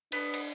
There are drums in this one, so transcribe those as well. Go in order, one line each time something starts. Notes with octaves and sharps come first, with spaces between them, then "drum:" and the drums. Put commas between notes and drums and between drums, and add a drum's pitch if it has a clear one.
B3 D4, drum: cymbal
drum: cymbal